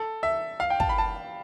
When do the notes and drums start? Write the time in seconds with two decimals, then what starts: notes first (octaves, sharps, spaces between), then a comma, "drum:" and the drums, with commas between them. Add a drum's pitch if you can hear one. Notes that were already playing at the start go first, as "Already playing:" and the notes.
Already playing: A4
0.23 E5
0.60 F5
0.70 G5
0.80 A5, drum: kick
0.89 B5
0.98 A5